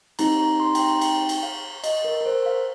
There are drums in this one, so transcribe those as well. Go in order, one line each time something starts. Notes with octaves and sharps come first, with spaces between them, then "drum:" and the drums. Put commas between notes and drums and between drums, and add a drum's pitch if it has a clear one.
C4 D#4 G4 A#5, drum: cymbal
A#5
C6
G5, drum: cymbal
A#5
G5, drum: cymbal
drum: cymbal
F5
D#5, drum: cymbal
A#4
A#4
C5
F5